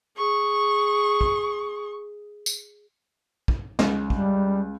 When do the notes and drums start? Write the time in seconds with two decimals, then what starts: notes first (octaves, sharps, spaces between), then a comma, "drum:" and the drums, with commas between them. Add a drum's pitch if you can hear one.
0.17 G#4 C#6
1.21 drum: kick
2.46 drum: tambourine
3.48 drum: kick
3.79 C#2, drum: snare
4.10 G3, drum: kick